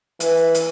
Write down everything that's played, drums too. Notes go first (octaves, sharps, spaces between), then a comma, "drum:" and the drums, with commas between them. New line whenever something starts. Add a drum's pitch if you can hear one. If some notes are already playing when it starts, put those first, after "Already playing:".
E3, drum: hi-hat
drum: hi-hat